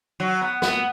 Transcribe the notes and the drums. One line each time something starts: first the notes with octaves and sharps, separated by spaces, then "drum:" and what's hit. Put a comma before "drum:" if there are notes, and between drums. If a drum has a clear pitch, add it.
F#3
B3
B3, drum: snare